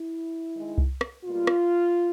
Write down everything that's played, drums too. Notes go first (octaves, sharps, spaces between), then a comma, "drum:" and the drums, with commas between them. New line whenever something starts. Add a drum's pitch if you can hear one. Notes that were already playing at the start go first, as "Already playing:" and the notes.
Already playing: E4
D#3 G#3
drum: kick C2
drum: rim click
B2 G3 A#3 F4
drum: rim click